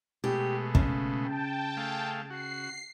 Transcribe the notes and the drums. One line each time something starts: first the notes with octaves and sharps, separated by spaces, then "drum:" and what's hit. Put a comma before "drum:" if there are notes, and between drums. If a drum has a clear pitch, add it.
B2 G#3 A3 G4
C#3, drum: kick
G5 A5
A3 G#4 F5
F#4 C7